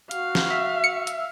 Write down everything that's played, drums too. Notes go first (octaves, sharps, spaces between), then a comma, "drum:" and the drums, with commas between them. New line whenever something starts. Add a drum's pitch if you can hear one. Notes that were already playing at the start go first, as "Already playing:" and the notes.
F#4 F5, drum: hi-hat
drum: snare
E5
C#7
drum: hi-hat